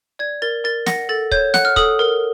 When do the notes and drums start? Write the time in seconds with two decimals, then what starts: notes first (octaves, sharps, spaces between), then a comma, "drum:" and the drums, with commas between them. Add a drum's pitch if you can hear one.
0.19 D5 G#6
0.42 A#4 A6
0.64 A#4 A6
0.86 F#5 A#6, drum: snare
1.09 A4 A6
1.32 C#5 G6, drum: kick
1.54 F#5 F#6, drum: snare
1.65 F6
1.76 A4 D#6, drum: kick
1.99 A#4